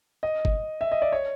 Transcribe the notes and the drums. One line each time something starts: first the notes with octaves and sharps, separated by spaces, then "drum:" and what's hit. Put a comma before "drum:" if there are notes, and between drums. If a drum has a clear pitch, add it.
D#5
drum: kick G1
E5
D#5
D5
C#5